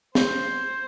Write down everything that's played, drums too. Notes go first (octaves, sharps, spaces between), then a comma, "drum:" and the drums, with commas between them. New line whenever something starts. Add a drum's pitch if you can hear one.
C5, drum: snare